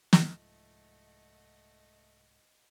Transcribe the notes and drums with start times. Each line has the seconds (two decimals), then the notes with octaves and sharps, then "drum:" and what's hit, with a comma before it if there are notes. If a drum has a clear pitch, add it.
0.13 drum: snare
0.22 C2 G#2 F3 A3 D#5 F#5